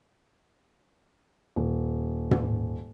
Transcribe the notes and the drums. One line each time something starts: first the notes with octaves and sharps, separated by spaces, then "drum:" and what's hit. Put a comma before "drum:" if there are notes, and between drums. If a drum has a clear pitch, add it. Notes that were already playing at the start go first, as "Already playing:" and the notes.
D#1
drum: tom